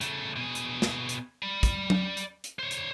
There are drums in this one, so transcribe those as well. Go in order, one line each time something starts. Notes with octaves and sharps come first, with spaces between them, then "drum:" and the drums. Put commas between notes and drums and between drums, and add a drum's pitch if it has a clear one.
C#3 A3, drum: hi-hat
B2 G#4
drum: hi-hat
drum: snare
drum: hi-hat
D5 B5
drum: kick, hi-hat
drum: tom F#3
drum: hi-hat
drum: hi-hat
C5 C#5
drum: hi-hat